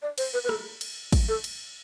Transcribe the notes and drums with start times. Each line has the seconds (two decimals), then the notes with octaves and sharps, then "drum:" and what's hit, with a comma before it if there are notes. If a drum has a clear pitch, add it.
0.02 D5
0.18 C5, drum: cymbal
0.33 B4
0.44 B4
0.49 A4, drum: rim click
0.81 drum: cymbal
1.12 drum: kick, cymbal
1.29 A4
1.44 drum: cymbal